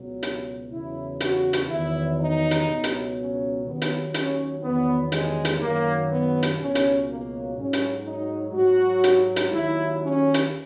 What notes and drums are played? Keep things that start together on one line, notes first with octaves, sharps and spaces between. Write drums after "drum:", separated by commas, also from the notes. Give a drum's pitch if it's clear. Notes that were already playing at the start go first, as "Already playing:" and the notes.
Already playing: C#2 B2 F#3
drum: hi-hat
E2 C#3 F#3 E4
F#4, drum: hi-hat
drum: hi-hat
E2 D#3 F#3 E4
D#4
drum: hi-hat
C#2 B2 F#3
drum: hi-hat
C#4
D#2 D#3 F#3 B3
drum: hi-hat
C#4, drum: hi-hat
E2 D#3 F#3 B3
G#3, drum: hi-hat
drum: hi-hat
F#2 D#3 F#3 A#3
B3
drum: hi-hat
C#2 B2 F#3 C#4
drum: hi-hat
A#3
G#2 F#3 C#4
drum: hi-hat
D#4
G#2 F#3 F#4
drum: hi-hat
drum: hi-hat
D#2 D#3 F#3 E4
C#4
drum: hi-hat